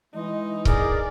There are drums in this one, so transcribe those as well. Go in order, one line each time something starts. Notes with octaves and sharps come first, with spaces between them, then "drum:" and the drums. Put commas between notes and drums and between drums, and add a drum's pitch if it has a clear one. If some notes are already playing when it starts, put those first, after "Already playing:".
E3 G#3 D#4
G#4 A#4 D5, drum: kick C#1